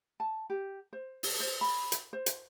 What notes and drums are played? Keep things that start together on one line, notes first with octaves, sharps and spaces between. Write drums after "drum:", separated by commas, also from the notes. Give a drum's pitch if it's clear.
A5
G4
C5
drum: open hi-hat
C5
B5
drum: hi-hat
C5
drum: hi-hat